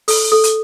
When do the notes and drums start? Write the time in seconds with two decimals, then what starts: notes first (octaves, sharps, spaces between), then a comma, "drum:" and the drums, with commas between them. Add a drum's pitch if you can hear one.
0.08 A4, drum: open hi-hat
0.32 A4
0.44 drum: hi-hat